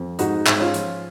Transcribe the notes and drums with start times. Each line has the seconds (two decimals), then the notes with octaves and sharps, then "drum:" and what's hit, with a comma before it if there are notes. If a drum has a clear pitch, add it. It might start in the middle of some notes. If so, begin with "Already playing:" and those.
Already playing: F2
0.19 G#2 D#4 F#4, drum: hi-hat
0.47 G#2, drum: clap
0.60 C#4 F4
0.74 F3, drum: hi-hat